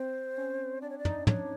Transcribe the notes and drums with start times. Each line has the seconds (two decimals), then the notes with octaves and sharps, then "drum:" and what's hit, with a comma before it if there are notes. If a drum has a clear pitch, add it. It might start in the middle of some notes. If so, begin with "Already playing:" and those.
Already playing: C4 C5
0.37 C#4
0.82 D4 D5
0.90 C#5
0.98 D5
1.05 D#4, drum: tom
1.27 D4 C#5, drum: tom